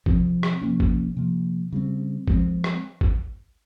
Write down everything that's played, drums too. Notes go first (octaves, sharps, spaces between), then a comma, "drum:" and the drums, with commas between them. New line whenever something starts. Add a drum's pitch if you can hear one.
C3 F3 C4, drum: kick
drum: rim click
C3 F3 A#3 C#4
drum: kick
C3 F3 A#3
C#3 G3 C4
F3 G#3 C4, drum: kick
drum: rim click
drum: kick